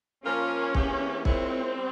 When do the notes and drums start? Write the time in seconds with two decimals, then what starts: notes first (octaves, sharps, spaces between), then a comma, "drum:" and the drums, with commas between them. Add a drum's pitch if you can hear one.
0.24 F3 A#3 C#4 F4 A#4
0.75 E2 E3 A#3 E4 G4, drum: kick
1.25 A#2 G#3 C4 E4 A#4 C#5, drum: kick
1.76 G3